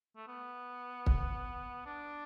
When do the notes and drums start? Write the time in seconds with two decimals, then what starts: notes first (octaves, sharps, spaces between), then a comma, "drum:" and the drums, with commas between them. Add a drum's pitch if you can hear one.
0.16 A3
0.27 B3
1.06 drum: kick
1.86 D4